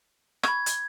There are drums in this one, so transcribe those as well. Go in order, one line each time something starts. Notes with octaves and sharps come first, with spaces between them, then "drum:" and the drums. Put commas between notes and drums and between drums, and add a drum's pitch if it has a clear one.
B5 C#6 G#6, drum: rim click
drum: hi-hat